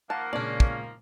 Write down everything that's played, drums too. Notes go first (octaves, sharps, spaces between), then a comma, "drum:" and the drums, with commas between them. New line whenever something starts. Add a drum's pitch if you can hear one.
D#3 F3 A#3 F#5 A5
A#2 C#3 G#3 C#4 D4 D5
drum: kick